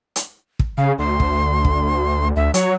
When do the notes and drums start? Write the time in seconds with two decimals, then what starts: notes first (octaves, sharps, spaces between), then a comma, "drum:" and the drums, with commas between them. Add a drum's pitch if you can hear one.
0.16 drum: hi-hat
0.59 drum: kick
0.78 C#3 F5
0.99 D2 C6
1.20 drum: kick
1.65 drum: kick
2.36 D2 E5
2.54 F#3 C#5, drum: hi-hat